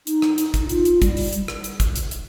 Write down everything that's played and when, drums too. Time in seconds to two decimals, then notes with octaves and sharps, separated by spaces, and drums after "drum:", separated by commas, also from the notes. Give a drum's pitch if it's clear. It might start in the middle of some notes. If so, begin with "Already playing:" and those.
0.07 D#4, drum: hi-hat
0.22 drum: rim click
0.38 D#4, drum: hi-hat
0.54 drum: kick, hi-hat
0.69 F4, drum: hi-hat
0.85 drum: hi-hat
1.02 G3, drum: kick, hi-hat
1.17 drum: open hi-hat
1.33 drum: hi-hat
1.48 drum: rim click
1.64 drum: hi-hat
1.80 drum: kick, hi-hat
1.96 drum: hi-hat
2.11 drum: hi-hat